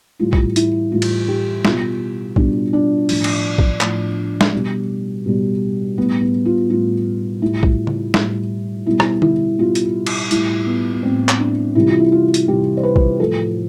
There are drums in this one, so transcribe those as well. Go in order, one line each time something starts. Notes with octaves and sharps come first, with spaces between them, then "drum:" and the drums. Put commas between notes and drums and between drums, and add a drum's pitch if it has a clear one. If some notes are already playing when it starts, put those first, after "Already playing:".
A2 E3 G3 F4
drum: kick A#1
E4, drum: hi-hat
A2 E3 G3 F4
drum: cymbal
G4
B2 G3 F4, drum: snare
B2 G3 D4, drum: kick A#1
D4
A2 F3, drum: open hi-hat
drum: cymbal
drum: kick A#1
A2 F3, drum: clap
drum: snare
B2 G3
B2 G3
A2 G3 B3
B3
F4
A2 G3 F4
A2 G3 E4
drum: kick A#1
drum: tom C#3
A2 G3, drum: snare
B2 G3 E4
drum: rim click
E4, drum: tom D3
B2 G3 F4
drum: hi-hat
drum: cymbal
A2 G3 E4, drum: hi-hat
B3
B3
A2 G3 C4
drum: clap
D4
C3 E3 G3 E4
F4
E4
F4
drum: hi-hat
C3 E3 G3 G4
C5
B4
drum: kick A#1
A2 F3 A4